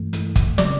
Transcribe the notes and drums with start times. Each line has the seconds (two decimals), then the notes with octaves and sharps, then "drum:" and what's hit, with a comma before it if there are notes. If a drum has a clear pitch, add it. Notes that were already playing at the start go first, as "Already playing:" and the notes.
Already playing: G2 E3 A3
0.13 G2 E3 A3, drum: hi-hat
0.36 drum: kick, hi-hat
0.58 C#3 F#3 D5, drum: snare